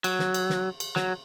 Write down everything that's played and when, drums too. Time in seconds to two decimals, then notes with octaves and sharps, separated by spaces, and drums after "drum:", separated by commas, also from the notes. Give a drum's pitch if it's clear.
0.04 F#3, drum: cymbal
0.19 drum: snare
0.34 drum: cymbal
0.50 drum: snare
0.80 drum: cymbal
0.96 F#3, drum: snare